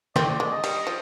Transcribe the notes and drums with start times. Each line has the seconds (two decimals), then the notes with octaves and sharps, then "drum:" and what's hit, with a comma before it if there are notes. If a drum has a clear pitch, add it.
0.16 C4 D5, drum: snare
0.40 G#3
0.51 D#5
0.64 G3, drum: cymbal
0.87 F3